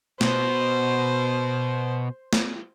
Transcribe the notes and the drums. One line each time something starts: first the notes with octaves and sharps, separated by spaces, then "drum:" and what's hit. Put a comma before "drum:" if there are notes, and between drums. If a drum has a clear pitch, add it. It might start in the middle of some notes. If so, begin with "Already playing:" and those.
B2 C5, drum: snare
drum: snare